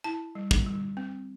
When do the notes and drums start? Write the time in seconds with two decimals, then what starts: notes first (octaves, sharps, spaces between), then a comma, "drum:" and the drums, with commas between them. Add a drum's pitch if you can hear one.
0.04 E4 A5
0.35 G3
0.51 drum: kick
0.67 G3
0.97 C4